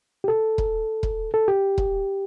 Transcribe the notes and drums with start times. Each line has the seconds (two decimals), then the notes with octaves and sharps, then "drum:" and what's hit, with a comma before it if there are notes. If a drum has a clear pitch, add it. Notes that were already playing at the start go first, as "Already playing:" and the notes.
0.24 G4
0.28 A4
0.58 drum: kick
1.03 drum: kick
1.34 A4
1.48 G4
1.78 drum: kick